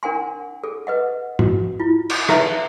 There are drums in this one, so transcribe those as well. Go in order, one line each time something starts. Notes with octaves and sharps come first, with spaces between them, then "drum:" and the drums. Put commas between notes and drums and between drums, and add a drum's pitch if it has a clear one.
D4 A#4 F#5 G#5 C6
G#4 A4
B4 D#5 F#5
F#4, drum: tom
E4 F4
drum: cymbal
D#4 A4 B4 E5 F5 A#5, drum: rim click